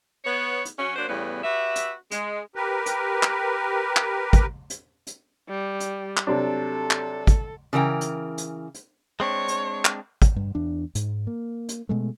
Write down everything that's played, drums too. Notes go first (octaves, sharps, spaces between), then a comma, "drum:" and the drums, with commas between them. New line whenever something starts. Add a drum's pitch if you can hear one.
B3 C#5
drum: hi-hat
F#3 C#4
F#3 A#3 D4 C5
E2 A2 C#3 G3 B3
F#4 G4 B4 E5
drum: hi-hat
G#3, drum: hi-hat
G4 A#4 B4
drum: hi-hat
drum: clap
drum: clap
drum: kick, hi-hat
drum: hi-hat
drum: hi-hat
G3
drum: hi-hat
drum: clap
C3 F#3 D4 A4
drum: clap
drum: kick, hi-hat
C#3 E3 A#4 G5
drum: hi-hat
drum: hi-hat
drum: hi-hat
G#3 C4 D4 C#5
drum: hi-hat
drum: clap
drum: kick, hi-hat
G2
E2 D4
G#2, drum: hi-hat
A#3
drum: hi-hat
B2 G#3 A3